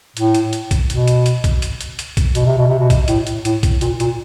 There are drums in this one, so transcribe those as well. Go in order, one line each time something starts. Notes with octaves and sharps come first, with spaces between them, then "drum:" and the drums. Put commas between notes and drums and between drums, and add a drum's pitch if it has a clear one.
A2, drum: hi-hat
drum: hi-hat
drum: hi-hat
drum: kick B1, hi-hat
B2, drum: hi-hat
drum: hi-hat
drum: hi-hat
drum: kick B1, hi-hat
drum: hi-hat
drum: hi-hat
drum: hi-hat
drum: kick B1, hi-hat
B2, drum: hi-hat
C3
B2
C3
B2
drum: kick B1, hi-hat
A2, drum: hi-hat
drum: hi-hat
A2, drum: hi-hat
drum: kick B1, hi-hat
A#2, drum: hi-hat
A#2, drum: hi-hat